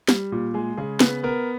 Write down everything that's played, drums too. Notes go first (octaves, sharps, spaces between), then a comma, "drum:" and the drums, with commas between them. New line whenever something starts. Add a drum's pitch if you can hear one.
G3, drum: snare
A#2
G#3 G#4
C#3 G#4
B3 B4, drum: snare
B3 A#4